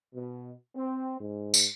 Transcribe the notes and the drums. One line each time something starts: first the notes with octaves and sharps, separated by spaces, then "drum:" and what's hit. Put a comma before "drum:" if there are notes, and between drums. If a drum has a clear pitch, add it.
B2
C4
G#2
drum: tambourine